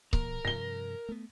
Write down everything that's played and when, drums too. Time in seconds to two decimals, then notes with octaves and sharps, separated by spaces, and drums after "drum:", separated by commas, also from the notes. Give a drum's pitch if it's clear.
0.13 A#2 E3 A#3 A#4, drum: kick C#1
0.45 G2 C3 F3 A#6 G7
1.09 A3 B3